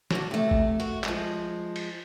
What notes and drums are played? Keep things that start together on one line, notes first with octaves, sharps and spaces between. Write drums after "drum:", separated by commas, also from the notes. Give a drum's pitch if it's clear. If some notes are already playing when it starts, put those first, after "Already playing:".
D3 F#3, drum: snare
C3 A3
drum: kick A1
F#4, drum: hi-hat
F3 G#3, drum: clap
drum: cymbal